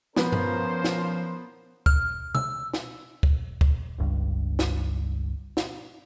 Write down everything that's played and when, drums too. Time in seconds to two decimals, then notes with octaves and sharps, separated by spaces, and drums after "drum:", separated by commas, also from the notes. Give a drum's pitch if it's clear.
0.16 F3 B3 C#4 A#4 C5, drum: snare
0.32 drum: tom G2
0.84 drum: snare
1.86 F6, drum: kick
2.35 E6, drum: tom B2
2.74 drum: snare
3.23 drum: kick
3.61 drum: kick
3.98 G1 C#2 G2
4.59 drum: snare
5.57 drum: snare